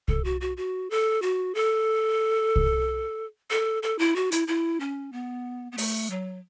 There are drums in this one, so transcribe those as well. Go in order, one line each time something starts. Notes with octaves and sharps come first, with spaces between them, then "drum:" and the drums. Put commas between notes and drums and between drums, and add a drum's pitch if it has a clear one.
A4, drum: kick C2
F#4
F#4
F#4
A4
F#4
A4
drum: kick C2
A4
A4
E4
F#4
E4, drum: hi-hat
E4
C#4
B3
B3
A3, drum: open hi-hat
F#3